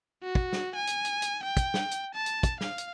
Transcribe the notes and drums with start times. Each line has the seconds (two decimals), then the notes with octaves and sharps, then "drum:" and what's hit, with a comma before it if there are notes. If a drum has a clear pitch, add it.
0.23 F#4
0.35 drum: kick
0.53 drum: snare
0.76 G#5
0.87 drum: hi-hat
1.05 drum: hi-hat
1.22 drum: hi-hat
1.44 G5
1.57 drum: kick, hi-hat
1.74 drum: snare
1.91 drum: hi-hat
2.15 A5
2.26 drum: hi-hat
2.43 drum: kick, hi-hat
2.61 F5, drum: snare
2.78 drum: hi-hat